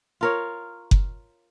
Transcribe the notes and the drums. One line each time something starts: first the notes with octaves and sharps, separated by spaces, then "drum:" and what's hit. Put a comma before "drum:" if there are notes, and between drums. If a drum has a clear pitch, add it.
F4 A#4 C#5
drum: kick F#1